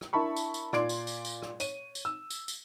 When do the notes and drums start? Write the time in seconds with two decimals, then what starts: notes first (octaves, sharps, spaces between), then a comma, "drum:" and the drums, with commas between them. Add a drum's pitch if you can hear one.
0.01 drum: rim click
0.13 D4 E4 A#4 A5 B5 C#6
0.36 drum: tambourine
0.54 drum: tambourine
0.73 A#2 D5 C6 G#6 D7, drum: rim click
0.89 drum: tambourine
1.07 drum: tambourine
1.25 drum: tambourine
1.42 drum: rim click
1.60 C#5 D#7, drum: tambourine
1.95 drum: tambourine
2.05 E6
2.30 drum: tambourine
2.48 drum: tambourine